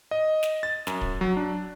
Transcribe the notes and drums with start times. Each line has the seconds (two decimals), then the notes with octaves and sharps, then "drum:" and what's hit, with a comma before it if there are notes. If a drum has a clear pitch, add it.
0.11 D#5
0.43 drum: snare
0.63 A6
0.87 F#2, drum: snare
1.01 drum: kick
1.21 F#3
1.37 D4